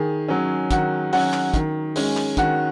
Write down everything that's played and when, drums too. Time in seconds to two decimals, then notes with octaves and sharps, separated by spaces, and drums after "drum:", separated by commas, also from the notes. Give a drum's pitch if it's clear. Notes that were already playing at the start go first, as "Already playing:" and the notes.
Already playing: D#3 G#4
0.28 F#3 C#4
0.71 D#3 F#4, drum: kick, hi-hat
1.13 F#3 C#4 F#4, drum: open hi-hat
1.33 drum: clap
1.54 D#3, drum: kick, hi-hat
1.96 G#3 C#4, drum: open hi-hat
2.17 drum: clap
2.37 D#3 F#4, drum: kick, hi-hat